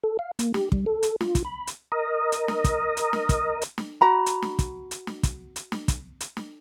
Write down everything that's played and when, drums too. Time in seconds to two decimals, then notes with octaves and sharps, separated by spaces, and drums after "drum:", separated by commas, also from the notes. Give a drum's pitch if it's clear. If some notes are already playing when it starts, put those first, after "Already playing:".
0.04 A4
0.19 F5
0.39 A#3, drum: hi-hat
0.54 G4, drum: snare
0.72 G3, drum: kick
0.86 A4
1.03 drum: hi-hat
1.21 F4, drum: snare
1.35 drum: kick, hi-hat
1.45 B5
1.67 drum: hi-hat
1.92 A#4 D#5
2.32 drum: hi-hat
2.48 drum: snare
2.64 drum: kick, hi-hat
2.97 drum: hi-hat
3.13 drum: snare
3.29 drum: kick, hi-hat
3.62 drum: hi-hat
3.78 drum: snare
4.01 F#4 A#5 B5
4.26 drum: hi-hat
4.42 drum: snare
4.59 drum: kick, hi-hat
4.91 drum: hi-hat
5.07 drum: snare
5.23 drum: kick, hi-hat
5.56 drum: hi-hat
5.72 drum: snare
5.88 drum: kick, hi-hat
6.20 drum: hi-hat
6.37 drum: snare